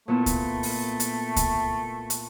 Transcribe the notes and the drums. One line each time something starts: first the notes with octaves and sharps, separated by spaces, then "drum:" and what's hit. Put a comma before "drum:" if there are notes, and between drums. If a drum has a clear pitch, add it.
A#2 A3 B3 E4
drum: kick C2, hi-hat
drum: open hi-hat
drum: hi-hat
drum: kick C2, hi-hat
drum: hi-hat